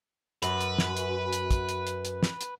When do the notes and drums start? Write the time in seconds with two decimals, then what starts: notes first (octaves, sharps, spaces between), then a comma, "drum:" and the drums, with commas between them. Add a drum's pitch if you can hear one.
0.43 F#2 B4, drum: hi-hat
0.61 drum: hi-hat
0.79 drum: snare
0.97 drum: hi-hat
1.33 drum: hi-hat
1.51 drum: kick, hi-hat
1.69 drum: hi-hat
1.87 drum: hi-hat
2.05 drum: hi-hat
2.23 drum: snare
2.41 drum: hi-hat